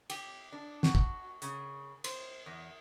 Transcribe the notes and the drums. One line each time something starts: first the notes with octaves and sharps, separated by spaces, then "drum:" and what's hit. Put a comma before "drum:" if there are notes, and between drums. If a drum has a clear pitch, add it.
G4, drum: cymbal
D4
F#4, drum: snare
drum: kick
C#3, drum: hi-hat
C5, drum: cymbal
E2